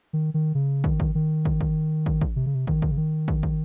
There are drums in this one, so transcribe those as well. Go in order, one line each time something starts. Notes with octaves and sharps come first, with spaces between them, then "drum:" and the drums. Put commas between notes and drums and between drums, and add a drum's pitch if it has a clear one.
D#3
D#3
C#3
D#3, drum: kick
drum: kick
D#3
drum: kick
drum: kick
drum: kick
drum: kick
C3
C#3
C3
D#3, drum: kick
drum: kick
C#3
D#3
drum: kick
drum: kick